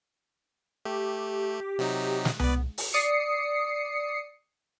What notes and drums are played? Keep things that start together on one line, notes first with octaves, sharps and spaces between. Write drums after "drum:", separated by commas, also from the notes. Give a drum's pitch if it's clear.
A3 G4
C3 F#3 D#4
drum: snare
B3 B4 D5, drum: tom C2
drum: open hi-hat
D5 D#6 C7 C#7